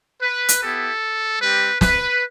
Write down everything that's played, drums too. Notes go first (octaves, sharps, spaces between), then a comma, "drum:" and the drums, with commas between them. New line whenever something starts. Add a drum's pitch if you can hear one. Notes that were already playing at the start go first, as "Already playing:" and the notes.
B4
drum: hi-hat
B3 E4 G4 A4
G3 C4 G4 B4
B4, drum: snare